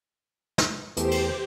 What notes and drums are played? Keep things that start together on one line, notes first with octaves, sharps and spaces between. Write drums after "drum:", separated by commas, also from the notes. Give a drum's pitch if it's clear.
drum: snare
E2 E3 A3 G4 C5, drum: hi-hat
drum: cymbal